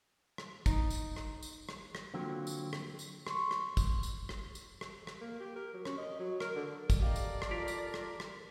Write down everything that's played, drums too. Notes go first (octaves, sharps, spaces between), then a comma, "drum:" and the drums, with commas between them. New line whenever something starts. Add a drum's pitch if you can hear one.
drum: rim click
D#4, drum: kick, tambourine
drum: tambourine
drum: rim click
drum: tambourine
drum: rim click
drum: rim click
D3 F3 F#3 A#3 C4
drum: tambourine
drum: rim click
drum: tambourine
C6 C#6, drum: rim click
drum: rim click
drum: kick, tambourine
drum: tambourine
drum: rim click
drum: tambourine
drum: rim click
drum: rim click
A#3
G4
A#4
F#3
C#4, drum: rim click
D#5
F#3
A#4, drum: rim click
D3
drum: kick, tambourine
G4 A4 A#4 D5 D#5 F5
drum: tambourine
drum: rim click
F3 B6 D7 F7
drum: tambourine
drum: rim click
drum: rim click